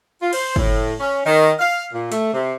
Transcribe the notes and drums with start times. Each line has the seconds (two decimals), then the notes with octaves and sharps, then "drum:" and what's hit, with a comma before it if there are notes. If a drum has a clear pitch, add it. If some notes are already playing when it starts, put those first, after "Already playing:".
0.21 F4
0.33 C5, drum: cymbal
0.56 A2, drum: kick
1.00 C#4
1.25 D#3
1.59 F5
1.93 A#2
2.12 A3, drum: hi-hat
2.33 C3